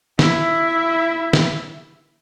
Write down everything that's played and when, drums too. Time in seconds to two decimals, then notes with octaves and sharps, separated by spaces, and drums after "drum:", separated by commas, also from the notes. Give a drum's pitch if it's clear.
0.19 E4 E5, drum: snare
1.33 drum: snare